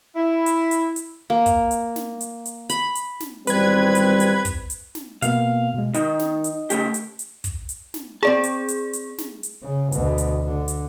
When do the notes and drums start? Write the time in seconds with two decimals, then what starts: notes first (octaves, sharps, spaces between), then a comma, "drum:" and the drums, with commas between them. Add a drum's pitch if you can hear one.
0.15 E4
0.46 drum: hi-hat
0.71 drum: hi-hat
0.96 drum: hi-hat
1.30 A#3
1.46 drum: kick, hi-hat
1.71 drum: hi-hat
1.96 drum: snare
2.21 drum: hi-hat
2.46 drum: hi-hat
2.70 B5, drum: hi-hat
2.96 drum: hi-hat
3.20 drum: snare
3.47 G#1 E2 G3 C4 B4 G#6, drum: hi-hat
3.95 drum: hi-hat
4.20 drum: hi-hat
4.45 drum: kick, hi-hat
4.70 drum: hi-hat
4.95 drum: snare
5.22 B2 A#3 B3 F5, drum: hi-hat
5.75 B2 G#3
5.94 D#3 D#5, drum: hi-hat
6.19 drum: snare
6.44 drum: hi-hat
6.70 C#3 A3 G4, drum: hi-hat
6.94 drum: hi-hat
7.19 drum: hi-hat
7.44 drum: kick, hi-hat
7.69 drum: hi-hat
7.94 drum: snare
8.23 C4 G#4 D5 A5
8.44 drum: hi-hat
8.69 drum: hi-hat
8.93 drum: hi-hat
9.18 drum: snare
9.43 drum: hi-hat
9.62 C#3
9.92 D2 B2, drum: hi-hat
10.18 drum: hi-hat
10.47 D3
10.68 drum: hi-hat